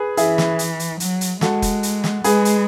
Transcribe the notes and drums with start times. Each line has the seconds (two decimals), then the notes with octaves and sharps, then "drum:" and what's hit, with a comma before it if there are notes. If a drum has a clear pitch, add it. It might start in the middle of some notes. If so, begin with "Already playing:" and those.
Already playing: G#4 B4
0.17 E3 E4 G#4, drum: hi-hat
0.38 drum: snare
0.59 drum: hi-hat
0.80 drum: hi-hat
1.00 F#3, drum: hi-hat
1.21 drum: hi-hat
1.41 G#3 F#4 A4, drum: snare
1.62 drum: kick, hi-hat
1.83 drum: hi-hat
2.04 drum: snare
2.24 G#3 G#4 B4, drum: hi-hat
2.45 drum: hi-hat